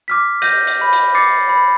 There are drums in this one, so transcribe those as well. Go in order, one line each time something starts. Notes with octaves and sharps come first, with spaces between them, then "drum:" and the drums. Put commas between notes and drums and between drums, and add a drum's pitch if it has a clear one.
D6 F6 B6
G6 A#6 D#7, drum: hi-hat
drum: hi-hat
B5
drum: hi-hat
D6 A6 C7 C#7
B5